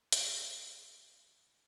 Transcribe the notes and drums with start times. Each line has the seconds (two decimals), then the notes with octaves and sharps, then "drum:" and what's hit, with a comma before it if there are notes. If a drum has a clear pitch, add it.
0.12 D5 F5, drum: hi-hat